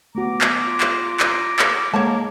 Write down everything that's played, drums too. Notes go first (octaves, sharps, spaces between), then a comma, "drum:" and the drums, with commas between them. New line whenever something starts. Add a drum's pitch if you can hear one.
A3 B3 F#4 A#5 D6
drum: clap
F4
drum: clap
drum: clap
drum: clap
G#3 A#3 C#5 F#5 A5